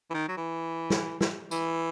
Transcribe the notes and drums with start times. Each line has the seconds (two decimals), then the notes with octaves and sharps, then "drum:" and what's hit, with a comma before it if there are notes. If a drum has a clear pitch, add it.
0.10 E3
0.14 D#3
0.29 F#3
0.37 E3
0.90 drum: snare
1.21 drum: snare
1.51 E3, drum: tambourine